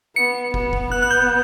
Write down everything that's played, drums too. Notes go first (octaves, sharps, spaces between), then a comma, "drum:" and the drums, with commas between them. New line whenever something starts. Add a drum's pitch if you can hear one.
B3 C#7
B3, drum: kick
drum: kick
B3 F#6
F#6
G6